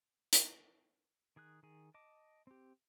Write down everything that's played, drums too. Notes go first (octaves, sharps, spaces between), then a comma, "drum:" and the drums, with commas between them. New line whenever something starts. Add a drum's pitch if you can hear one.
drum: hi-hat
D#3 G#4 D#6 F#6
D#3 G#4
D#5 A5 D6
C4 G4